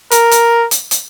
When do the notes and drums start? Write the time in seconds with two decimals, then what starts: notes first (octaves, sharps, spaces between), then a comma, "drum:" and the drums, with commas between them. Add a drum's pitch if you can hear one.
0.11 A#4, drum: hi-hat
0.31 drum: hi-hat
0.71 drum: hi-hat
0.91 drum: hi-hat